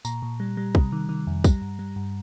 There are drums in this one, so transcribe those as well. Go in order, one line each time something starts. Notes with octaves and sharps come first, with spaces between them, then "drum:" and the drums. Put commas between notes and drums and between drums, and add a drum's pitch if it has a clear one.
A#2 A#5, drum: tambourine
A#2
G3
G3
C3, drum: kick
D#3
D#3
F2
G3, drum: kick, tambourine
G2
G3
G2